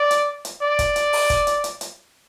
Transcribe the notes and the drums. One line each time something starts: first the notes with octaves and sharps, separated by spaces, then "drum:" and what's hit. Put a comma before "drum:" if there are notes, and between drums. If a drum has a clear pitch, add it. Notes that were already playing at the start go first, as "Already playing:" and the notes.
Already playing: D5
drum: hi-hat
drum: hi-hat
D5
drum: kick, hi-hat
drum: hi-hat
drum: open hi-hat
drum: kick, hi-hat
drum: hi-hat
drum: hi-hat
drum: hi-hat